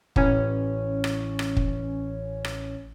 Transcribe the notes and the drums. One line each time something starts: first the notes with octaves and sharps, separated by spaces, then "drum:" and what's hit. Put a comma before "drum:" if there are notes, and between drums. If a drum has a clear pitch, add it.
A1 C#4, drum: kick
drum: rim click
drum: rim click
drum: kick
drum: rim click